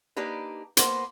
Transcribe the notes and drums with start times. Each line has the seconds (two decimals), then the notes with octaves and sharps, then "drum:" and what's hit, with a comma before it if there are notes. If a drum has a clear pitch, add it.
0.16 A#3 D4 D#4 G4 B4
0.77 A#3 B3 C5, drum: hi-hat